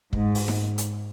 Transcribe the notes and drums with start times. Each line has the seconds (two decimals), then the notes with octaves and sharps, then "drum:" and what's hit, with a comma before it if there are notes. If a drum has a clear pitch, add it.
0.13 G#2, drum: kick
0.35 drum: open hi-hat
0.48 drum: snare D#4
0.78 drum: hi-hat